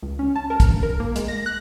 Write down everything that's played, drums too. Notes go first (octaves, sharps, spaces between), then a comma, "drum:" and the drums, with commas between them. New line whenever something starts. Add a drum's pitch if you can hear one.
C#2
C#4
A5
A#4
drum: kick, hi-hat
G2
A#4
A#3
G#3, drum: hi-hat
A#6
F#6